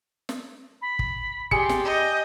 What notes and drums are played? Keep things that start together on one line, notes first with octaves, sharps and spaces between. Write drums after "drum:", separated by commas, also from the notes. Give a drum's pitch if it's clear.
drum: snare
B5
drum: kick
G4 G#4 D5 C6 C#7, drum: kick
drum: snare
D#5 G6